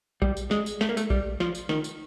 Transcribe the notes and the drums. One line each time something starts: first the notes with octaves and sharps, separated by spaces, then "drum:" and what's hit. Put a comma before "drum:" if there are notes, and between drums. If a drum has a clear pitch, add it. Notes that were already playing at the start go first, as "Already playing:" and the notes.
G3, drum: kick A#1
drum: tambourine
G#3, drum: snare
drum: tambourine
A3, drum: snare
A#3
A3, drum: tambourine
G3, drum: kick A#1
F3, drum: snare
drum: tambourine
D#3, drum: snare
drum: tambourine